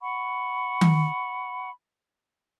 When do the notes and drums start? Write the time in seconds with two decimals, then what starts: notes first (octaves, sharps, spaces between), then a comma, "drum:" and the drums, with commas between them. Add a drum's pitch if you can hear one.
0.01 F#5 B5 C#6
0.81 drum: tom D#3